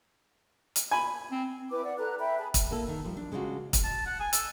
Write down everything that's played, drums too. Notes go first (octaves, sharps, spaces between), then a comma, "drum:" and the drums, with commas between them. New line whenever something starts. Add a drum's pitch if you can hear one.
drum: hi-hat
G#5 B5
C4
E4 B4 G5 D6
D5 F#5
A4 B4 A#5 F#6
E5 G5 B5
G#4 A5 B5
drum: kick, hi-hat
A#3 E4 A4
D#3
F3 G3 F4
D4
C#3 G#3 C#4 D4 F4 F#4
drum: kick, hi-hat
A5
F#5
G#5
A4, drum: hi-hat